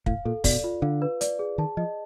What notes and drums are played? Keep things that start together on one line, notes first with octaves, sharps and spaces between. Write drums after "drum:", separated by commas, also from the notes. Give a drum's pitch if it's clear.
A2 F5, drum: kick
A#2 A4
B2 D5, drum: kick, open hi-hat
F4
D3 F5
B4
D5, drum: hi-hat
G#4
D#3 A5
F3 D#5